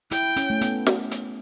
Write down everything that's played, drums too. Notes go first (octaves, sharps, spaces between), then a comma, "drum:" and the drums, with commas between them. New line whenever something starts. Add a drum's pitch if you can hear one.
E4 G5, drum: hi-hat
C#4, drum: hi-hat
A3
B3, drum: hi-hat
drum: snare
drum: hi-hat